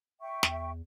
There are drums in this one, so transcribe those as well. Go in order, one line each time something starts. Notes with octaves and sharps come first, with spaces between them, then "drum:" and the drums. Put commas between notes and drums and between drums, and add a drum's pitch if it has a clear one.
E5 G5 C#6
E2, drum: snare